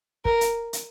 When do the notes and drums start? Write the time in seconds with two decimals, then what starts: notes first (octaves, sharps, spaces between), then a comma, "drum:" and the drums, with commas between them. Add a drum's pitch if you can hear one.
0.25 A#4, drum: kick
0.41 drum: hi-hat
0.73 drum: hi-hat